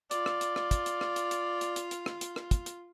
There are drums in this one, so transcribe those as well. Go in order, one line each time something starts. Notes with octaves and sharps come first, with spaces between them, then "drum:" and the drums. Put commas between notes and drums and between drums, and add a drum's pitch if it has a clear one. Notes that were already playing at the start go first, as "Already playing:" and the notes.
F4 D5, drum: hi-hat
drum: rim click
drum: hi-hat
drum: rim click
drum: kick, hi-hat
drum: hi-hat
drum: rim click
drum: hi-hat
drum: hi-hat
drum: hi-hat
drum: hi-hat
drum: hi-hat
drum: rim click
drum: hi-hat
drum: rim click
drum: kick, hi-hat
drum: hi-hat